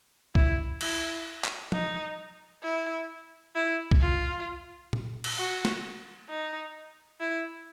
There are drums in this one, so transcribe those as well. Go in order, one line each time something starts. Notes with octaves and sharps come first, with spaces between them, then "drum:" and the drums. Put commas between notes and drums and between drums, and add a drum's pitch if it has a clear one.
E4, drum: kick
E4, drum: cymbal
drum: clap
D#4, drum: tom F3
E4
E4
drum: kick
F4
drum: tom A#2
drum: cymbal
F#4
drum: snare
D#4
E4